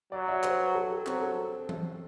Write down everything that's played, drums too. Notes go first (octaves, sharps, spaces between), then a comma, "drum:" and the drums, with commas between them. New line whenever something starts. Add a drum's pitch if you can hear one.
F#3 D5
E5
C5, drum: clap
B4
A4
G4
F#3 C4, drum: clap
A4
drum: tom E3